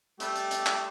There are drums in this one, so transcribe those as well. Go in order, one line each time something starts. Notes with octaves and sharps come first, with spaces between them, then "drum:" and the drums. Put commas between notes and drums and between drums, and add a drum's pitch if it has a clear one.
G3 A3 G4, drum: hi-hat
drum: hi-hat
drum: hi-hat
drum: clap